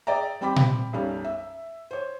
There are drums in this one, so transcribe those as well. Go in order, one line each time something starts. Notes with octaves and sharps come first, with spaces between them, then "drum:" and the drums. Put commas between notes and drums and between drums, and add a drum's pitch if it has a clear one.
G#4 D5 E5 G5 A#5
G3 C4 G5 B5 D6 B6
drum: tom A#2
B1 F#2 G3 C#4
E5
C5 C#5